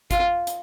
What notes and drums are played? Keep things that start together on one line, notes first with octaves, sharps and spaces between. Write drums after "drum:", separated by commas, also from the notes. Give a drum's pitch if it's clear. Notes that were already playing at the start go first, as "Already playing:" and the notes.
F4, drum: kick, hi-hat
drum: hi-hat